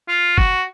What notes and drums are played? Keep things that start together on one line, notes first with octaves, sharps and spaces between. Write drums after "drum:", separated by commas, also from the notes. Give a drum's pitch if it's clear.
F4
F#4, drum: kick F#1